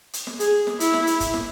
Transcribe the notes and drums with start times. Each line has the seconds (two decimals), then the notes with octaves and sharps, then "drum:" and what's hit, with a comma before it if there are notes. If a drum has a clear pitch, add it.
0.13 drum: hi-hat
0.27 drum: snare
0.40 G#4, drum: hi-hat
0.67 drum: snare
0.80 E4, drum: hi-hat
0.94 drum: snare
1.07 drum: hi-hat
1.20 drum: kick F#1, hi-hat
1.34 drum: snare